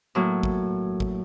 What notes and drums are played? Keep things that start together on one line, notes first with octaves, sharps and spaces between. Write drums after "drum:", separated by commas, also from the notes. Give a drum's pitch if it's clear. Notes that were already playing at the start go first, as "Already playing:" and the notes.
A2 F#3 A#3
drum: kick G#1
drum: kick G#1